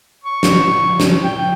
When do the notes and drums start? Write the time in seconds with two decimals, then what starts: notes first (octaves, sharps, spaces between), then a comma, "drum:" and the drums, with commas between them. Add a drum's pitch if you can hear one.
0.24 C#6
0.43 drum: snare
1.00 drum: snare
1.24 G5